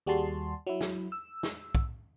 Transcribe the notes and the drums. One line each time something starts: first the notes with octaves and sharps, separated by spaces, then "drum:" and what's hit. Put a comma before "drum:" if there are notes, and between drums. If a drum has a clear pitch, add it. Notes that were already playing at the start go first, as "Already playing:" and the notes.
D#2 G3 F#4 G#4 A5 C6
F#3 E4
drum: snare
E6
drum: snare
drum: kick